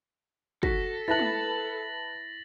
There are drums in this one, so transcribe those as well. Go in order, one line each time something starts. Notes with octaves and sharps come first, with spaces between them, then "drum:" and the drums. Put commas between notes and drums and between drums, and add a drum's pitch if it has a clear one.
F#4 A4 A#6 B6, drum: kick
E4 B4 A5 F#6 A6 A#6 F#7
drum: tom G#3